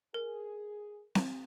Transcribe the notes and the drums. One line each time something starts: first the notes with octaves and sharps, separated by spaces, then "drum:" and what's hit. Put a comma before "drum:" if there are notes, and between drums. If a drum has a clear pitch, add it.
G#4 A#4
drum: snare C4